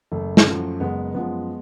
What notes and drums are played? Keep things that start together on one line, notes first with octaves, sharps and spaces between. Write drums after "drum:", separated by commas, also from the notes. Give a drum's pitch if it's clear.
F#1 A3
drum: snare
F#2 F3
F#1 G#3 B3
F#2 F3 G#3 B3